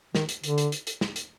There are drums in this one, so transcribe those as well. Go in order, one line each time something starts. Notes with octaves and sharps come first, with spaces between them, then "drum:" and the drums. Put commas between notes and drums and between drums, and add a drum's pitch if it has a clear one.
D#3, drum: snare
drum: hi-hat
D3, drum: hi-hat
drum: hi-hat
drum: hi-hat
drum: hi-hat
drum: snare
drum: hi-hat